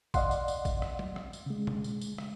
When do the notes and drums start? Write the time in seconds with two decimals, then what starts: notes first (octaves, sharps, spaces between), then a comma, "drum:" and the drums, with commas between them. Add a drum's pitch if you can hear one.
0.14 D5 D#5 F5 F#5 C6, drum: kick A1, tambourine
0.31 drum: tambourine
0.48 drum: tambourine
0.65 drum: kick A1, tambourine
0.82 drum: rim click
0.99 drum: tom F#3
1.16 drum: rim click
1.33 drum: tambourine
1.46 C#3 G#3
1.67 drum: tom B2
1.84 drum: tambourine
2.01 drum: tambourine
2.18 drum: rim click